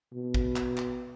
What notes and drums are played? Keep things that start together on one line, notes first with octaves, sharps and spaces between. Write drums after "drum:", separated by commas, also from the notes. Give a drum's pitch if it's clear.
B2
drum: kick A1
drum: clap
drum: clap